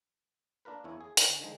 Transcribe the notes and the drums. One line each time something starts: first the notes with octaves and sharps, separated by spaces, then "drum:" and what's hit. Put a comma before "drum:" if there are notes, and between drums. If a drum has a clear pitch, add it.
A#3 D4 F4 A#4 B4
E2 A#3 E4 C#5 G#5
G#4
D3, drum: hi-hat
D3 D#3 F3 G#3